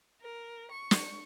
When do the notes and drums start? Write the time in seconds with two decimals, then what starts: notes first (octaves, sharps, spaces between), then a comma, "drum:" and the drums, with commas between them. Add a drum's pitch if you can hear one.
0.20 A#4
0.71 C#6
0.91 drum: snare